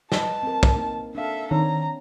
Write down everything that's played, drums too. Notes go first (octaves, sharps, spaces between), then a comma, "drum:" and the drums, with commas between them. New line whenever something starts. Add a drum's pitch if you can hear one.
B4 D#5 A5, drum: snare
C4 A#4
drum: kick
A#3 D#4
D4 A4 E5 F5
D#3 C4 D4 C#5 A#5